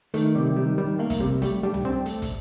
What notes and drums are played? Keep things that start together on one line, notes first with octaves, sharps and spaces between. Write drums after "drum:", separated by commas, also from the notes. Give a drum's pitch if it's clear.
D#3 A3, drum: hi-hat
C3 G3
D#3 G3
D#3 G3
A3 A#3
drum: kick, hi-hat
C3 G3
G3 A3, drum: hi-hat
G3 D4
drum: tom C2
C4 D4
A3, drum: hi-hat
drum: kick, hi-hat